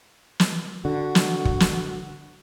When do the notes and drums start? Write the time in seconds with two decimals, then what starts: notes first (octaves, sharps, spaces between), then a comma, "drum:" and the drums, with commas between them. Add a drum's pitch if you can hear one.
0.40 drum: snare
0.85 D3 F#4
1.15 drum: snare
1.45 drum: kick
1.60 drum: snare